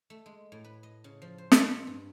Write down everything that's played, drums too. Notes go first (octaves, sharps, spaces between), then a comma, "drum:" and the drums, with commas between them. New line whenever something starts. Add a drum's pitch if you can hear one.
A3
G#3
A2
B4
D#5
C#3
F3
C5
C#5, drum: snare
C6
G2